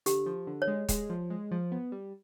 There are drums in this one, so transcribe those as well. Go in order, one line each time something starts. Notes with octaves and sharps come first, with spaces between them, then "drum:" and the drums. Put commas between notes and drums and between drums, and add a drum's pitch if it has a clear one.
D3 G4, drum: hi-hat
F3
D3
C#5
G#3
G#3, drum: kick D#1, hi-hat
F3
G#3
F3
B3
G3